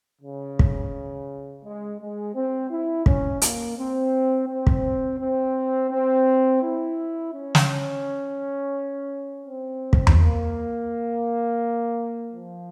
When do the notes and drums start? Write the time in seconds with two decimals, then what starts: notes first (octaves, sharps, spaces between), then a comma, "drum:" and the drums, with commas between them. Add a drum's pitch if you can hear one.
0.21 C#3
0.59 drum: kick
1.63 G#3
1.99 G#3
2.35 C4
2.70 E4
3.06 C#4, drum: kick
3.42 A#3, drum: hi-hat
3.77 C4
4.49 C4
4.67 drum: kick
5.20 C4
5.91 C4
6.62 E4
7.33 C#4
7.55 drum: snare
9.47 C4
9.93 drum: kick
10.07 drum: tom E2
10.18 A#3
12.32 F3